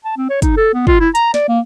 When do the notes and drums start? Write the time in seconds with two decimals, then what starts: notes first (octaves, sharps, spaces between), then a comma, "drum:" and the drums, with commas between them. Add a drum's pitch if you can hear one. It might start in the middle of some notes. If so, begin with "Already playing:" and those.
0.05 A5
0.17 C4
0.30 C#5
0.42 D#4, drum: kick, hi-hat
0.57 A4
0.74 B3
0.87 F4, drum: kick
1.00 E4
1.15 A#5, drum: hi-hat
1.34 D5, drum: snare
1.48 A#3